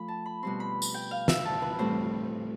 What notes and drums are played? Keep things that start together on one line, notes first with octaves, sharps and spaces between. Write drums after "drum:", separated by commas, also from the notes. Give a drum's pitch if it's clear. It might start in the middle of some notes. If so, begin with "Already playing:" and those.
Already playing: F3 A3 B5
A5
B5
B2 G3 C4 C6
B5
drum: tambourine
G5
F5
E5, drum: snare
A5
B4
A2 G3 C4 C5